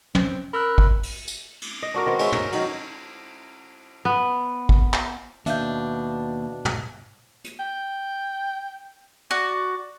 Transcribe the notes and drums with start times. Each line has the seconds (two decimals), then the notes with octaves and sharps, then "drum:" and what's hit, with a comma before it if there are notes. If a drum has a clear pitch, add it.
0.15 C4 C#4, drum: tom
0.53 A#4 B5 E6 F#6
0.78 drum: kick
1.03 drum: open hi-hat
1.28 drum: tambourine
1.61 drum: cymbal
1.82 D#5
1.94 D4 F#4 A#4
2.06 D#3 B3 C4
2.19 G#3 C#4 C5 E5, drum: cymbal
2.32 A#4, drum: tom
2.52 D#3 F#3, drum: cymbal
4.05 B3
4.69 drum: kick
4.94 drum: clap
5.46 D#2 B2 D4 E5 F5 G6, drum: hi-hat
6.65 drum: tom
7.44 drum: hi-hat
7.60 G5
9.31 F#4 D5